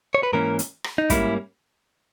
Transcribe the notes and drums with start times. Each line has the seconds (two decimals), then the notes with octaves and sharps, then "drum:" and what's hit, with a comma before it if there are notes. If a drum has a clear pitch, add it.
0.15 C#5
0.23 B4
0.33 G#2 E3 A#3 C#4 A#4
0.59 drum: hi-hat
0.84 drum: rim click
0.98 D#4
1.10 G#2 G3 A#3 C#4 E4, drum: kick, hi-hat